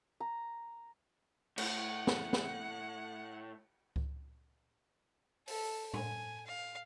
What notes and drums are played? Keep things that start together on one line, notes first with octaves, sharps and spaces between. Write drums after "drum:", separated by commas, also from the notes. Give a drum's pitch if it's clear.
A#5
A2 F#5, drum: cymbal
drum: snare
drum: snare
drum: kick C#2
A4, drum: open hi-hat
G#5, drum: tom
F5